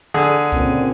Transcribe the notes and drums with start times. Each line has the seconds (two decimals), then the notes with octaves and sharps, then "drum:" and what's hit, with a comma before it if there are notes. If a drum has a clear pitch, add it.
0.14 D3 G#4
0.52 A#2 C#3 C4, drum: kick C2